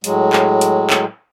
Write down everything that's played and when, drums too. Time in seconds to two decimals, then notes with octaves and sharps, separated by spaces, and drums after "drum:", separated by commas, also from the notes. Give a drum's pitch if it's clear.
0.04 A2 F#3 G#3, drum: hi-hat
0.33 drum: clap
0.61 drum: hi-hat
0.90 drum: clap